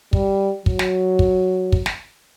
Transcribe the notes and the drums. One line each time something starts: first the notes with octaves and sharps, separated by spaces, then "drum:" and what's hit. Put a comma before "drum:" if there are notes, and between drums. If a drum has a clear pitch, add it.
G3, drum: kick
F#3, drum: kick
drum: snare
drum: kick
drum: kick
drum: snare